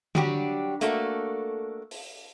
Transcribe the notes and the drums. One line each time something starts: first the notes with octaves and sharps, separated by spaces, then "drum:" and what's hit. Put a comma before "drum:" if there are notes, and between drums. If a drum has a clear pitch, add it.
F#3 G3 D4 F#4 G4, drum: tom D3
A3 A#3 D4 F#4 A4, drum: hi-hat
drum: open hi-hat